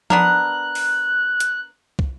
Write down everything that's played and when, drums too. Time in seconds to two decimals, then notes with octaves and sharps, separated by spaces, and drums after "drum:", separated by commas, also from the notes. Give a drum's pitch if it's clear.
0.10 B3 D4 A#4 F#6, drum: tom F3
0.75 drum: open hi-hat
1.40 drum: hi-hat
1.99 drum: kick